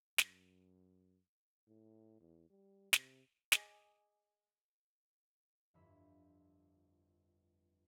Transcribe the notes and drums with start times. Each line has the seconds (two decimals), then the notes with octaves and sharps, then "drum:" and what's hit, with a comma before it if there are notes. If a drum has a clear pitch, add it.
0.18 F#2, drum: snare
1.67 A2
2.20 E2
2.50 G3
2.93 C3, drum: snare
3.52 G#4 D#5 G#5 D6, drum: snare
5.74 G1 F2 D3 E4 B5 E6